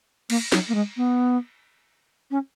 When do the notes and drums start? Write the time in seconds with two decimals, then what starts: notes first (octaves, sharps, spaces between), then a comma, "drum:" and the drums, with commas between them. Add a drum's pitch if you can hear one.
0.30 A#3, drum: cymbal
0.52 F#3, drum: snare
0.68 A#3
0.75 G#3
0.97 B3
2.31 C#4